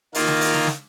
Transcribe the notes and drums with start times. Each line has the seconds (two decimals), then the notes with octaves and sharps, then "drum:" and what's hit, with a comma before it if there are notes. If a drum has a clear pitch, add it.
0.15 D#3 A#3 F4, drum: open hi-hat
0.28 drum: snare
0.41 drum: open hi-hat
0.54 drum: snare
0.67 drum: snare